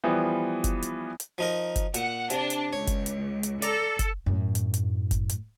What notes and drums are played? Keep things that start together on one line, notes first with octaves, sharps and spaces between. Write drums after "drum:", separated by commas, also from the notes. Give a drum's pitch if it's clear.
E3 F3 G3 B3
drum: kick F#1, hi-hat
drum: hi-hat
drum: hi-hat
F3 D#4 A#4
drum: kick F#1, hi-hat
A#2 F#5, drum: hi-hat
C3 D4, drum: hi-hat
drum: hi-hat
C#2 C#5
drum: kick F#1, hi-hat
drum: hi-hat
drum: hi-hat
A4 D5 A#5, drum: hi-hat
drum: kick F#1, hi-hat
F#2 A2
drum: hi-hat
drum: hi-hat
drum: kick F#1, hi-hat
drum: hi-hat